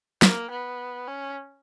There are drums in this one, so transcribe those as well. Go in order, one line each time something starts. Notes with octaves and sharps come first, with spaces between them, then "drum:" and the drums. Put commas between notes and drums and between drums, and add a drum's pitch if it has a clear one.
A#3, drum: snare
B3
C#4